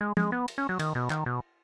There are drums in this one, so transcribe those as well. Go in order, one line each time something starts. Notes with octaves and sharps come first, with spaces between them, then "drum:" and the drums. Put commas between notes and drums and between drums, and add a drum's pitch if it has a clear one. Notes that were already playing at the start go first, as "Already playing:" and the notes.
G#3
G#3, drum: tom
B3
drum: cymbal
C#4
F#3
D#3, drum: cymbal
B2
D#3, drum: clap
B2